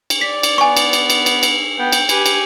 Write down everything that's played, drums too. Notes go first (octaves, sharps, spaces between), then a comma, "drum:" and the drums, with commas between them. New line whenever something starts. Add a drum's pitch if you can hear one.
drum: cymbal
D5 B6
drum: cymbal
B3 G#5 C#6
drum: cymbal
drum: cymbal
drum: cymbal
drum: cymbal
drum: cymbal
B3 G5
drum: cymbal
G4 B4 G#5, drum: cymbal
drum: cymbal